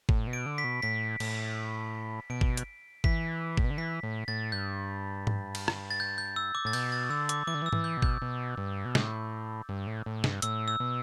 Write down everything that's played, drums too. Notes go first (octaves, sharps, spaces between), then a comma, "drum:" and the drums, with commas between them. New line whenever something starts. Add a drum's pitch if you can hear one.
A2, drum: kick G1
B2
D7
D3
B6
B2
A2 B6
A2, drum: cymbal
B2 D7
drum: kick G1
drum: hi-hat
E3 B6, drum: kick G1
A2, drum: kick G1
B2
D3
E3 B6
A2
A2 A6
G2 G6
drum: tom G#2
drum: cymbal
drum: rim click
A6
G6
G6
E6
D6
A2 A6
B2 G6, drum: cymbal
A6
D3 E6
D6, drum: hi-hat
E3 D6
D3
E3
E6
E3, drum: tom G#2
G6
B2
G6, drum: kick G1
B2
G2
B2
A2 G6, drum: snare
G2
A2
A2
G2, drum: snare
A2 E6, drum: hi-hat
E6
B2